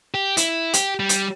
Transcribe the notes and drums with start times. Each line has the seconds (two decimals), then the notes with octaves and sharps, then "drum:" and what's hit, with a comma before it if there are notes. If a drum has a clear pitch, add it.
0.14 G4
0.37 E4, drum: hi-hat
0.74 G4, drum: hi-hat
1.00 G3
1.09 drum: hi-hat